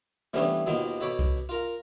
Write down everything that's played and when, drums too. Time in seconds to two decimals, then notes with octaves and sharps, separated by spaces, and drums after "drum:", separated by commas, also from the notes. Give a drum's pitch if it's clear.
0.34 E3 G3 A3 B3 C#4 D4, drum: snare
0.51 drum: hi-hat
0.66 D#2 B2 D#3 F3 A#3 B3, drum: hi-hat
0.85 drum: hi-hat
1.00 B2 A4 C#5 B5 D6
1.19 drum: kick C2, hi-hat
1.36 drum: hi-hat
1.49 F4 A#4 A#5